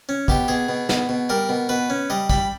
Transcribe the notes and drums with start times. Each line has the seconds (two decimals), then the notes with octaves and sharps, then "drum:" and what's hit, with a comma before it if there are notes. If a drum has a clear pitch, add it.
0.09 C#4
0.28 B2 G4, drum: kick
0.48 B2 G#4
0.69 B2
0.89 B2, drum: snare
1.09 B2
1.29 G3 A#4
1.49 B2
1.69 B2 B4
1.90 C#4
2.10 G3 D#5
2.30 G3 B5, drum: kick